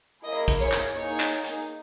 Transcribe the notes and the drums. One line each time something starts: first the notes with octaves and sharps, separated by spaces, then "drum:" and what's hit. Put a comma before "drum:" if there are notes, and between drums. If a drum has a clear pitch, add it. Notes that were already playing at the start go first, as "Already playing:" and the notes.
A#3 E4 G#4 D#5
drum: kick, hi-hat
C#5
drum: clap
A#3 D#4 G#4 C#5
drum: clap
drum: hi-hat